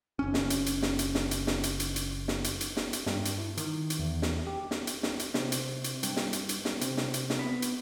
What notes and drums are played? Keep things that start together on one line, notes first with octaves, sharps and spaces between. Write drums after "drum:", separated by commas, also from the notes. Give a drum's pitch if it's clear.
F#1 C#4
drum: snare
drum: hi-hat
drum: hi-hat
drum: snare
drum: hi-hat
drum: snare
drum: hi-hat
drum: snare
drum: hi-hat
drum: hi-hat
drum: hi-hat
drum: snare
drum: hi-hat
drum: hi-hat
drum: snare
drum: hi-hat
G2, drum: snare
drum: hi-hat
E4
D#3, drum: hi-hat
drum: hi-hat
E2
drum: snare
G4
drum: snare
drum: hi-hat
drum: snare
drum: hi-hat
C3, drum: snare
drum: hi-hat
drum: hi-hat
G2, drum: hi-hat
drum: snare
drum: hi-hat
drum: hi-hat
drum: snare
C3, drum: hi-hat
drum: snare
drum: hi-hat
drum: snare
B3
drum: hi-hat